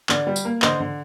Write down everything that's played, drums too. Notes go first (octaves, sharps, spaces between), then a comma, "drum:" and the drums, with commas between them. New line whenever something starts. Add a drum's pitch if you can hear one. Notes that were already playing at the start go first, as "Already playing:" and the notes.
D3 D5, drum: clap
G3
drum: tambourine
A#3
D3 C5 D#5, drum: clap
D3